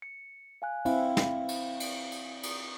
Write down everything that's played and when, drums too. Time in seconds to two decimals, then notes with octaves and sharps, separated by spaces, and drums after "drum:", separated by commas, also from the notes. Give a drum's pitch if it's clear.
0.02 C#7
0.62 F5 G#5 F#6
0.85 C4 E4 F5, drum: cymbal
1.17 drum: snare
1.48 drum: cymbal
1.80 drum: cymbal
2.12 drum: cymbal
2.43 drum: cymbal